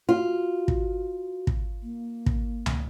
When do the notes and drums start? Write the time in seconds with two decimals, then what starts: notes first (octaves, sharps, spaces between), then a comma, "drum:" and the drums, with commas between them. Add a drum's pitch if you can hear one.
0.09 F4 F#4
0.68 drum: kick
1.47 drum: kick
1.83 A#3
2.26 drum: kick
2.66 drum: tom C#2